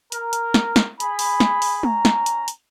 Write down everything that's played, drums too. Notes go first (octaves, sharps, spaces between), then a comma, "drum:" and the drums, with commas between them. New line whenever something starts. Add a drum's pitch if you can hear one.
A#4, drum: hi-hat
drum: hi-hat
drum: snare
drum: snare
G#4 B5, drum: hi-hat
drum: open hi-hat
drum: snare
drum: open hi-hat
C#4 A#5, drum: tom G#3
drum: snare
drum: hi-hat
drum: hi-hat